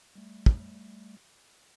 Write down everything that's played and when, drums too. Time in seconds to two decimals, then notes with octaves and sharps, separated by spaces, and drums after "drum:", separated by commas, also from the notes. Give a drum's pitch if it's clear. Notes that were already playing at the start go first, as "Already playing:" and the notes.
0.16 G3 A3
0.46 drum: kick